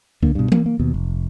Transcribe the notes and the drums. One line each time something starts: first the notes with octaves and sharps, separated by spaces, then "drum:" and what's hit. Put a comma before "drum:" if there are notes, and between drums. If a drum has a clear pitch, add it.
D3 A#3, drum: kick C#2
G2 B2
A#3, drum: tom E3
A#3
D#2 B2
F1